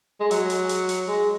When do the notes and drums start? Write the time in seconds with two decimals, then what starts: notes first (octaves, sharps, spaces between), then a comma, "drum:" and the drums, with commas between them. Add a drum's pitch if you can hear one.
0.21 G#3
0.31 F#3, drum: hi-hat
0.50 drum: hi-hat
0.69 drum: hi-hat
0.89 drum: hi-hat
1.08 G#3